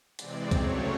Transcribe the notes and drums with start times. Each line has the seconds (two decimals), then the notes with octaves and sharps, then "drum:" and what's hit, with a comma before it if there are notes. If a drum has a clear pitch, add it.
0.19 C3 E3 G#3 C4 D5, drum: hi-hat
0.51 C#3 F#3 A3 C4 C#5, drum: kick, hi-hat